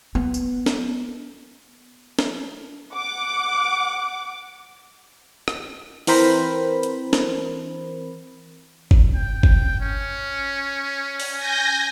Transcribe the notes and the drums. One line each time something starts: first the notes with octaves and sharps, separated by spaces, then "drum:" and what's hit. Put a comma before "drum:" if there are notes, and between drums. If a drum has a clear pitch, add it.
B3
drum: tambourine
drum: snare
drum: snare
F#5 D6
drum: rim click
E3 C4 A#4 C5 B5, drum: open hi-hat
drum: hi-hat
drum: snare
drum: kick G1
G5
drum: kick G1
C#4
drum: open hi-hat
G#5 G6 A#6